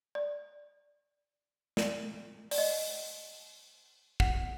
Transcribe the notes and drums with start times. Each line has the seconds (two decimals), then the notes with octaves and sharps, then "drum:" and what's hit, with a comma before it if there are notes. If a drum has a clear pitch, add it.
0.15 D5
1.77 D5, drum: snare
2.51 D5, drum: open hi-hat
2.58 D#5
4.20 F#5, drum: kick